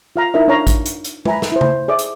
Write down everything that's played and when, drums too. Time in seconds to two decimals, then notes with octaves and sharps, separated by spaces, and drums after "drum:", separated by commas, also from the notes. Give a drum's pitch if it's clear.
0.16 F4 F5 A#5
0.34 D#4 E4 A#4 D#5 E5
0.48 D4 D#4 C#5 F5 A#5
0.67 drum: kick, hi-hat
0.86 drum: hi-hat
1.04 drum: hi-hat
1.25 B4 E5 G#5 A#5 B5, drum: tom G#3
1.42 drum: snare
1.52 E4 C5
1.61 drum: tom C#3
1.88 G#4 D5 E5 D6
1.99 drum: hi-hat